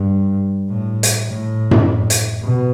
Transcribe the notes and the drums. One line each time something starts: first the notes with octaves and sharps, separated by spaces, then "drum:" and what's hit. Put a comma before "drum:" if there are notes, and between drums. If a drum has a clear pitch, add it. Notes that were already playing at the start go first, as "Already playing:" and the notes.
Already playing: G2
A2
drum: hi-hat
A2
drum: tom F#2
drum: hi-hat
B2